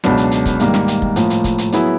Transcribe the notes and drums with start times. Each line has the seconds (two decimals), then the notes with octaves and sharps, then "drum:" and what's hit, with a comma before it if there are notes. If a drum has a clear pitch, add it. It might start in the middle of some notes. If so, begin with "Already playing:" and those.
0.04 C#2 B2 F#3 B3 D4, drum: snare
0.17 drum: hi-hat
0.31 drum: hi-hat
0.46 drum: kick, hi-hat
0.60 G#2 D#3 G3 A#3, drum: hi-hat
0.74 drum: snare
0.88 drum: hi-hat
1.02 drum: kick
1.16 A2 F3 A#3, drum: hi-hat
1.30 drum: hi-hat
1.44 drum: kick, hi-hat
1.58 drum: hi-hat
1.72 F#3 B3 E4 G#4, drum: hi-hat